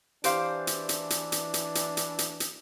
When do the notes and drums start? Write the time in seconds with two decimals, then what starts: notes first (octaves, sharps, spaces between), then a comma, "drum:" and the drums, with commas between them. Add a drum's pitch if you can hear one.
0.24 E3 D4 G4 C5 F5, drum: hi-hat
0.67 drum: hi-hat
0.89 drum: hi-hat
1.10 drum: hi-hat
1.32 drum: hi-hat
1.54 drum: hi-hat
1.75 drum: hi-hat
1.97 drum: hi-hat
2.19 drum: hi-hat
2.40 drum: hi-hat